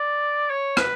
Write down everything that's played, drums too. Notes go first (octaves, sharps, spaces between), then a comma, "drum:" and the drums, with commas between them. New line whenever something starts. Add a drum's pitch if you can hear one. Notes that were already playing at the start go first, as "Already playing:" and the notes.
Already playing: D5
C#5
B4, drum: rim click